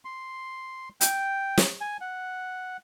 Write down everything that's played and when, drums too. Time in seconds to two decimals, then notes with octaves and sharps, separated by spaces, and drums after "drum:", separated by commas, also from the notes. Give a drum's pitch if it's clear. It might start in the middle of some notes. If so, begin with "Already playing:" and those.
0.05 C6
1.01 G5, drum: hi-hat
1.58 drum: snare
1.81 G#5
2.01 F#5